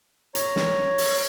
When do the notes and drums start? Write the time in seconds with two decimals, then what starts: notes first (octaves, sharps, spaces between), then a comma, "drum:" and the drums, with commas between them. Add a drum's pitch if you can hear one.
0.35 C#5 A#5, drum: hi-hat
0.56 drum: snare
0.98 drum: open hi-hat